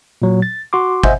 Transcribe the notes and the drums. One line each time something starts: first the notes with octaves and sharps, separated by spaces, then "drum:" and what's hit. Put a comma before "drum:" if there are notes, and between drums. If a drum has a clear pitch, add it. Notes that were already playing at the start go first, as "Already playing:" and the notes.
A#2 F#3
A6
F#4 C6 D6
C5 D#5 E5 F#5 G#5 G6, drum: kick